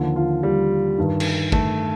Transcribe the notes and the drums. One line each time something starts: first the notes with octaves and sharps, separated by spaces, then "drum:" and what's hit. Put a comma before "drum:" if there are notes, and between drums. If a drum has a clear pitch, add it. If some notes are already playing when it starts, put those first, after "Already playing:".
Already playing: D#2 D3 F3
F4
G3
G2 D#3
drum: cymbal
A3, drum: kick